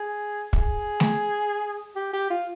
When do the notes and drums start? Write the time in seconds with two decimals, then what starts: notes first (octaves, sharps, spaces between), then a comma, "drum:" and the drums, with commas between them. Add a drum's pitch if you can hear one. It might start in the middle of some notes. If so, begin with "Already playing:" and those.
Already playing: G#4
0.53 G#4, drum: kick
1.00 drum: snare A3
1.96 G4
2.13 G4
2.30 F4